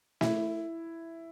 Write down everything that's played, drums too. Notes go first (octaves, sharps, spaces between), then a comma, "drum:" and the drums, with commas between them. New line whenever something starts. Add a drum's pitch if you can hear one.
E4, drum: snare